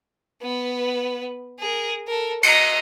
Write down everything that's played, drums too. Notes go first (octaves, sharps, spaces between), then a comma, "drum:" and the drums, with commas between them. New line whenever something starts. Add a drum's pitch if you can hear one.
B3 B4
G#4 A#4
A4 A#4
D#5 A#5, drum: cymbal